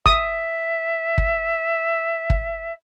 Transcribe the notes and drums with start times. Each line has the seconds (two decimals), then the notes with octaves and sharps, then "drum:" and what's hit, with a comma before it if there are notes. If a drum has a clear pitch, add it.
0.06 E5 D#6, drum: kick
1.18 drum: kick
2.30 drum: kick